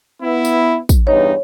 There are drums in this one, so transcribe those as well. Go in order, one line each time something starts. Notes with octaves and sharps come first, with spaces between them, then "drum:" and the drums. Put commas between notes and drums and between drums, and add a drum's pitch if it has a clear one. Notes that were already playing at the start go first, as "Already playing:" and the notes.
B3 E4
drum: tambourine
drum: kick, tambourine
E2 G2 D#4 C#5